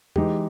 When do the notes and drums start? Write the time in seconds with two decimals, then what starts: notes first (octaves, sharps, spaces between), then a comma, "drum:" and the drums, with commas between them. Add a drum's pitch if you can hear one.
0.16 E3 G#3 D#4 G4, drum: tom E2